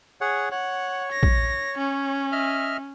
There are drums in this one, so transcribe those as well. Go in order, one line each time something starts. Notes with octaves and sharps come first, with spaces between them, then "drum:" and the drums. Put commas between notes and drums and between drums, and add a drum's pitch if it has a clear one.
G#4 C#5 F#5
C#5 F#5
A#6
drum: kick A#1
C#4
D#5 E5 F6